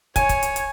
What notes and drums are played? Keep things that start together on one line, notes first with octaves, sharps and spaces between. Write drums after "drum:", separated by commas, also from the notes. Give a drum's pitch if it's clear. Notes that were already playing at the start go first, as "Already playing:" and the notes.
C#5 G#5, drum: kick, hi-hat
drum: kick, hi-hat
drum: hi-hat
drum: hi-hat